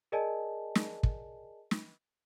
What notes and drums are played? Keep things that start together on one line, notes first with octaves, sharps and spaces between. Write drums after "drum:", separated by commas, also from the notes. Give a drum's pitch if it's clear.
G#4 A#4 D5 D#5 G#5 A5
drum: snare
drum: kick
drum: snare